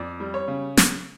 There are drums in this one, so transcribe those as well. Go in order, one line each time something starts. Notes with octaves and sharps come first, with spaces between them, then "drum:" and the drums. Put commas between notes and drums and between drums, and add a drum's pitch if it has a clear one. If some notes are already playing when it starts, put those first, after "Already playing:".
Already playing: F2 D5
G3
C#5
C#3
drum: snare